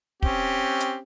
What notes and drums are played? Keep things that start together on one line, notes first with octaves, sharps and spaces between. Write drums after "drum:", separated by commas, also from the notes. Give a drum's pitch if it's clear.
C4 C#4 G4, drum: kick
drum: hi-hat